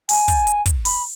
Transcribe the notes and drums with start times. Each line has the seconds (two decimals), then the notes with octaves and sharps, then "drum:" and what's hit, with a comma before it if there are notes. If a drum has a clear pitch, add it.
0.09 G#5, drum: open hi-hat
0.28 drum: kick, hi-hat
0.47 drum: hi-hat
0.66 drum: kick, hi-hat
0.85 B5, drum: open hi-hat